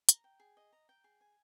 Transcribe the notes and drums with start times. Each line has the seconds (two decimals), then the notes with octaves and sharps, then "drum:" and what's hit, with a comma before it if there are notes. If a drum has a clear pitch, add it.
0.09 A#5, drum: hi-hat
0.24 G5
0.40 G#4
0.57 D#5
0.73 A#5
0.89 G5
1.04 G#4
1.21 G#5